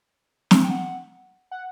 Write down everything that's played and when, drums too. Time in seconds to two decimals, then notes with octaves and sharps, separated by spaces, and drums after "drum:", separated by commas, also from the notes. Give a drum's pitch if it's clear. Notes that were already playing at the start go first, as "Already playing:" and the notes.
0.51 drum: snare
0.64 G5
0.70 F#5
1.51 F#5